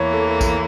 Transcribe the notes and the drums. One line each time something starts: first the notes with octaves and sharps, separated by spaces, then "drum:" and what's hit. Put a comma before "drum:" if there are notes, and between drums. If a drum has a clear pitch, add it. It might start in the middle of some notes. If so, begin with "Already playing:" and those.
Already playing: E2 E3 A#3 C#5
A4
A4
drum: kick A#1, tambourine